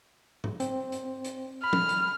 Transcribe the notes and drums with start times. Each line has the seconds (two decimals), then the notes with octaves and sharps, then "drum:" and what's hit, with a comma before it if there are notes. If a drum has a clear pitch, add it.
0.44 drum: tom G#2
0.60 C4, drum: hi-hat
0.92 drum: hi-hat
1.24 drum: hi-hat
1.64 B5 F6
1.73 drum: tom
1.89 drum: hi-hat